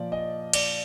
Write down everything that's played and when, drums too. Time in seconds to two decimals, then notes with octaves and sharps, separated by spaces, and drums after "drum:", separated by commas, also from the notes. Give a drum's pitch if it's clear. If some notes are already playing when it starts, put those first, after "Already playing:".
Already playing: A#2 F3 D5
0.12 D#5
0.53 D5, drum: cymbal